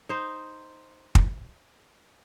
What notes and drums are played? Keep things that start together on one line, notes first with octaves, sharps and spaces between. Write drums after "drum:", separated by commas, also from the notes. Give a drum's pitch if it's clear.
D#4 C5
drum: kick